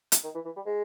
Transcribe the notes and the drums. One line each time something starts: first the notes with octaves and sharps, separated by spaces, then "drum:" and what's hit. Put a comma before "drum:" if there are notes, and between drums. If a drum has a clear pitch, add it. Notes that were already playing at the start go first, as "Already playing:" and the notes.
drum: hi-hat
D#3
E3
E3
G3
G#3